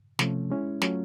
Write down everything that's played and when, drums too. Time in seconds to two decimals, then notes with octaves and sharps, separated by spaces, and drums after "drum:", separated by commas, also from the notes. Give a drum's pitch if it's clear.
0.19 C3 F3 A3 C#4, drum: snare
0.50 G#3 C#4 E4
0.82 F#3 A3 C#4 F4, drum: snare